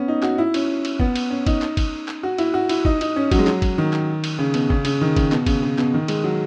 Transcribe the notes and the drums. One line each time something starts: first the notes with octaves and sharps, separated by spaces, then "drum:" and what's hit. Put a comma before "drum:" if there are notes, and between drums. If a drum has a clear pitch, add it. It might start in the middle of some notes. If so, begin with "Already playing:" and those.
Already playing: B3 C#4
D#4
F#4, drum: clap
E4
C#4, drum: cymbal
drum: cymbal
B3, drum: kick G1
drum: cymbal
C#4
D#4, drum: kick G1, cymbal
drum: clap
drum: kick G1, cymbal
drum: clap
F#4
E4, drum: cymbal
F#4
E4, drum: cymbal
D#4, drum: kick G1
D#4, drum: cymbal
C#4
F#3, drum: kick G1, cymbal
G#3
F#3, drum: clap
drum: kick G1, cymbal
D#3
drum: clap
drum: cymbal
C#3
B2, drum: cymbal
C#3, drum: kick G1
C#3, drum: cymbal
D#3
C#3, drum: kick G1, cymbal
B2, drum: clap
C#3, drum: kick G1, cymbal
C#3
B2, drum: clap
D#3
G#3, drum: cymbal
F#3